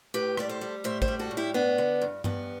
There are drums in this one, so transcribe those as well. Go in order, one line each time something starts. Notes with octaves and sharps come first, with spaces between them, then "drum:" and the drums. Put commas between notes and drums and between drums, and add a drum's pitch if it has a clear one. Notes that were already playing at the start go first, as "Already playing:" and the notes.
A2 G4 B4
G3 D5, drum: rim click
A4 C5
G3
A2 C5 E5
C5 E5, drum: kick
G3
F#4 A4
A2
E4 G4
G2 B3 D4
D3
G2
G2 B3, drum: tom G2